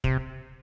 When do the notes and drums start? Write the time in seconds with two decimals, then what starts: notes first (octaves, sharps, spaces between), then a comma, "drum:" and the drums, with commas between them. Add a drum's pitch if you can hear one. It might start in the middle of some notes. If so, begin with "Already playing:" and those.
0.04 C3, drum: kick